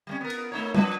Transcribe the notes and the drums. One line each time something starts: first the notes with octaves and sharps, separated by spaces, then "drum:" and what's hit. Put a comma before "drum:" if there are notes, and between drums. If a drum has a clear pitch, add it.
G3 A3 C#4
B3 A#4
drum: cymbal
A3 D#4 C#5
F3 D4 B4, drum: tom